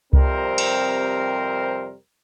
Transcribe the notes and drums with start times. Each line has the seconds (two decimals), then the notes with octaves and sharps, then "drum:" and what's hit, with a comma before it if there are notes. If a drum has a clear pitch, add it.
0.13 F2 C3 G3 C4 A#4 C5, drum: kick C2
0.58 drum: cymbal